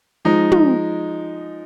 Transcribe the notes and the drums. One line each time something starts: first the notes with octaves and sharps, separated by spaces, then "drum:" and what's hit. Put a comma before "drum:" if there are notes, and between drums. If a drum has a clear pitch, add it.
F3 G#3 D#4
drum: tom